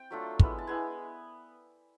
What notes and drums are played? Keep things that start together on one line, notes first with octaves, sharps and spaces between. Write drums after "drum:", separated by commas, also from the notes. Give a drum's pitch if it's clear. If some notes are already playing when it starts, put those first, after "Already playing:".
Already playing: C4 G5
F#3 A3 D4 F4
G#3 B3 E4, drum: kick
A5
G#3 B3 E4 G#5